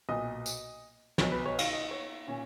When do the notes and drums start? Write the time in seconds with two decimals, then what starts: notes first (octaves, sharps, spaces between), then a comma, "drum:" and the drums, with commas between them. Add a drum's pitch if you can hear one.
0.09 B1 A#2 D#5
0.46 drum: tambourine
1.18 B1 B2 C#5, drum: snare
1.32 B4
1.46 C#5
1.59 F5, drum: cymbal
1.73 D#5
1.91 C#5
2.27 A#2 C#4